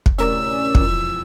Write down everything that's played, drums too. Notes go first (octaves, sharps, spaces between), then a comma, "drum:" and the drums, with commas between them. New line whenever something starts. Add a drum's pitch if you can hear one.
drum: kick
D2 A2 C3 C#4 A#4 D5 E6
E1 F2 E3, drum: kick